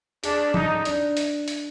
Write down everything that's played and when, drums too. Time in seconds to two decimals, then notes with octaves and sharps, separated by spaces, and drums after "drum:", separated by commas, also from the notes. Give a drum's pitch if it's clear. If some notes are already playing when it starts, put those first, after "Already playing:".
0.24 D4 G#4, drum: hi-hat
0.54 D#4, drum: tom
0.85 D4, drum: hi-hat
1.17 drum: hi-hat
1.48 drum: hi-hat